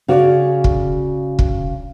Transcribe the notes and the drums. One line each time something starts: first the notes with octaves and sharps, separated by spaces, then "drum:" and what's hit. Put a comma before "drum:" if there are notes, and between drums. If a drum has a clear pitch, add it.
C#3 F#4 C#5 D5
drum: kick
drum: kick